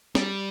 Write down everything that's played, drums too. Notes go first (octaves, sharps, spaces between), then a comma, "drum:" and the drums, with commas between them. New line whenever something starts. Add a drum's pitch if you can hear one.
G3, drum: snare